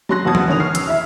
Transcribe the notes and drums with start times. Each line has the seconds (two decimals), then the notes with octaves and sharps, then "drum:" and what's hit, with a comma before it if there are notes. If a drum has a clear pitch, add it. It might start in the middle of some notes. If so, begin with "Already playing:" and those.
0.09 F#3 C#4 C6 F#6 A#6
0.25 E2 B2 F#5 A5 D#6 G#6
0.35 drum: tom E3
0.47 G1 D#3 C#4 D#6 F7
0.60 C#6 F6 C7
0.75 E6, drum: hi-hat
0.87 E4 E5